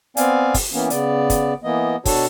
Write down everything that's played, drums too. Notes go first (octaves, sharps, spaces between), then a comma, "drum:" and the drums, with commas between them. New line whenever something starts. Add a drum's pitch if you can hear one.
B3 C4 D5 F5 G#5, drum: hi-hat
drum: kick, open hi-hat
E3 A#3 B3 C#4
C#3 B3 D5, drum: hi-hat
drum: kick, hi-hat
E3 A#3 B3 D#5
B2 D4 F#4 A4 C#5 A5, drum: kick, open hi-hat